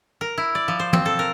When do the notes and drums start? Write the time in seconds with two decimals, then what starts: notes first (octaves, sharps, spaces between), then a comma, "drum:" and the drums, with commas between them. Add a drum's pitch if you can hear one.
0.21 A#4
0.38 E4
0.55 D5
0.68 F3
0.79 C5
0.93 C4, drum: tom
1.05 A4
1.19 A#4